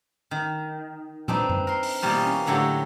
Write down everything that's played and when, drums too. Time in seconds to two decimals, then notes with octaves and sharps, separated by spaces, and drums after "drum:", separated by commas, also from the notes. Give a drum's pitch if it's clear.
0.31 D#3
1.28 C4 D4 D#4 B4, drum: tom
1.49 drum: tom F#2
1.67 A#4 C6
1.83 drum: open hi-hat
2.02 B2 E3 G3 A#3 F4
2.22 C#4
2.46 A2 D3 F#3 A3 F#4 G4